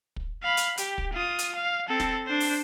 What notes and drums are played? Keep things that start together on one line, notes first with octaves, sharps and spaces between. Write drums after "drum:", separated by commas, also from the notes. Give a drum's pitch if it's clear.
drum: kick
F5 B5
drum: hi-hat
G4, drum: hi-hat
drum: kick
F4 D#6
drum: hi-hat
F5
C4 A4
drum: snare
D4 C5
drum: open hi-hat